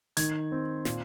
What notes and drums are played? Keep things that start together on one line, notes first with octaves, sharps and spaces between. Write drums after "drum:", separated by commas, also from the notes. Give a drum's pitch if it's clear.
D#3 G#6, drum: hi-hat
C4
A#2, drum: snare